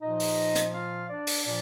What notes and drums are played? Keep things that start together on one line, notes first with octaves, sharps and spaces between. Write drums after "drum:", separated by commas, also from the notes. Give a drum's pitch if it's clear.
A#2 F3 D#4 D#5
drum: open hi-hat
drum: hi-hat
F4 F5
D4 D5
drum: open hi-hat
A#2 F3 D4 D5